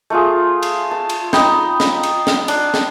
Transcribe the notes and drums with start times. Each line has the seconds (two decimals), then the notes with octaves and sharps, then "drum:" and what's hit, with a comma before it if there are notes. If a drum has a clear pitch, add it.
0.10 A3 F4 G#4
0.63 drum: cymbal
0.91 A5
1.09 drum: cymbal
1.33 D#4 G5 A#5 B5, drum: snare
1.80 drum: snare
2.03 drum: cymbal
2.27 drum: snare
2.48 D4, drum: cymbal
2.74 drum: snare